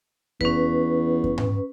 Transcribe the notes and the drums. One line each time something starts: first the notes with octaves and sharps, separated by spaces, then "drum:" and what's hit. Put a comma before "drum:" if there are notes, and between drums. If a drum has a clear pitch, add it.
E2 C#4 B4, drum: kick F2
drum: kick F2
drum: tom G#2